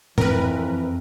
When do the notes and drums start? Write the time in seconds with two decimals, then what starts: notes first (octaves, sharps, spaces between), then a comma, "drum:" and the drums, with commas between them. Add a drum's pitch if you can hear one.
0.18 F2 E3 C4 A#4 B4, drum: tom G#2